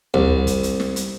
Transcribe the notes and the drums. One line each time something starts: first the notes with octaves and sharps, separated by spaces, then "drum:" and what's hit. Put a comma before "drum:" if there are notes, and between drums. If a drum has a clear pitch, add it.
C2, drum: tom
drum: kick, hi-hat
drum: hi-hat
drum: snare
drum: hi-hat